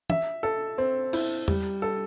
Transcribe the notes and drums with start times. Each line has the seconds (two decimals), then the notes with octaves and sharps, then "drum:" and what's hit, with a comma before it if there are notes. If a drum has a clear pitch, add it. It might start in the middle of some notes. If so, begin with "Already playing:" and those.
0.10 E5, drum: tom
0.43 A4
0.78 C4
1.13 E4, drum: cymbal
1.48 G3, drum: tom E2
1.82 A4